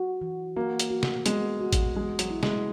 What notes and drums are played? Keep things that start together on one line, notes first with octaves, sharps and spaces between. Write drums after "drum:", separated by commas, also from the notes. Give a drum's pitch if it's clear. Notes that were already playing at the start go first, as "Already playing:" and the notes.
Already playing: F#4
E3
A#3 F#4
drum: hi-hat
F#4
drum: snare
G#3 B3, drum: hi-hat
F#4
drum: kick A1, hi-hat
E3 G#3
F#3, drum: hi-hat
E4
G#3, drum: snare